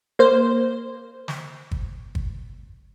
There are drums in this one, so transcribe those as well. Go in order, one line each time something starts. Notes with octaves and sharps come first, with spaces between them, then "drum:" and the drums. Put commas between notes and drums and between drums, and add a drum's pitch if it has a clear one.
A#3 C5
drum: snare
drum: kick
drum: kick